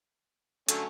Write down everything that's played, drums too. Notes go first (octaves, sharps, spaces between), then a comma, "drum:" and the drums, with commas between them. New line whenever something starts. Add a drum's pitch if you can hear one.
D3 F#3 A3 C#4, drum: hi-hat